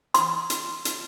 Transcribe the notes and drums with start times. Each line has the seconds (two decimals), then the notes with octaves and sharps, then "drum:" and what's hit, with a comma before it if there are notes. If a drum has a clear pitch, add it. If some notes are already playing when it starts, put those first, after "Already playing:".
0.14 C6, drum: hi-hat
0.50 drum: hi-hat
0.85 drum: hi-hat